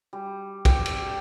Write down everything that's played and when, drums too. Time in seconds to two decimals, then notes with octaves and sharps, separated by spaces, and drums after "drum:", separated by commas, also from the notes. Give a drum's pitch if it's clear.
0.13 G3
0.65 G4, drum: kick, cymbal
0.86 drum: cymbal